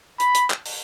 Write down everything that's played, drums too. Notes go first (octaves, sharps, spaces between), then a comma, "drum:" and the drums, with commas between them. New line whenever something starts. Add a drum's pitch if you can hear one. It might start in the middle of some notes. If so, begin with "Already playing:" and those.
B5, drum: hi-hat
drum: hi-hat
drum: clap
drum: open hi-hat